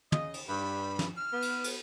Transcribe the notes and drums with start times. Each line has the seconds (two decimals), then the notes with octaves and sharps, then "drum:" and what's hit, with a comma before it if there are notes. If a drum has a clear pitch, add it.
0.12 C#3 D#5, drum: tom
0.34 drum: cymbal
0.49 G2 B5
0.99 drum: snare
1.17 F6
1.33 B3
1.42 drum: cymbal
1.64 drum: cymbal